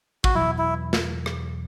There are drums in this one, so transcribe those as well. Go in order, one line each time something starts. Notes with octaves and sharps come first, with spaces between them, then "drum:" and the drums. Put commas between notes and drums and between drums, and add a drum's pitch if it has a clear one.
F#4, drum: kick
E2 B2 F#3 E4
E4
drum: snare
drum: rim click